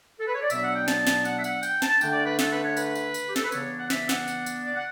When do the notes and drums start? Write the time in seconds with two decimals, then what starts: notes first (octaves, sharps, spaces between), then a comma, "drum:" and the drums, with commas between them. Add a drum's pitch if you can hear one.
0.19 A4
0.27 B4
0.34 C#5
0.42 D5
0.50 B2 F#3 B3 D4 E5, drum: tambourine
0.63 F#5
0.75 G5
0.88 A5, drum: snare
1.07 drum: snare
1.25 F#5, drum: tambourine
1.39 E5
1.44 F#5, drum: tambourine
1.63 G5, drum: tambourine
1.82 A5, drum: snare
2.01 D3 A3 D4 G5, drum: tambourine
2.13 D5
2.26 B4
2.39 A4, drum: snare
2.52 B4
2.63 C#5
2.77 B4, drum: tambourine
2.95 drum: tambourine
3.14 drum: tambourine
3.28 G4
3.36 A4, drum: snare
3.44 B4
3.52 C#3 E3 B3 D4 C#5, drum: tambourine
3.79 F#5
3.90 E5, drum: snare
4.09 F#5, drum: snare
4.28 drum: tambourine
4.46 drum: tambourine
4.65 D5
4.75 F#5